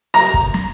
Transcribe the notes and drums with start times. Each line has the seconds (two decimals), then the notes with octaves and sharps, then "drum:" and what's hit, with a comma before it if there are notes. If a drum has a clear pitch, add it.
0.14 A#5, drum: open hi-hat
0.34 drum: kick
0.54 drum: snare